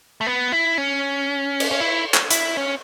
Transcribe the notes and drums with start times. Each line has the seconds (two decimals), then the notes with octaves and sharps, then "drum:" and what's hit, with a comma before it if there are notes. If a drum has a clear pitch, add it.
0.21 A3
0.27 B3
0.52 E4
0.78 C#4
1.60 drum: cymbal
1.71 C#4
1.80 E4
2.14 drum: clap
2.30 E4, drum: hi-hat
2.57 C#4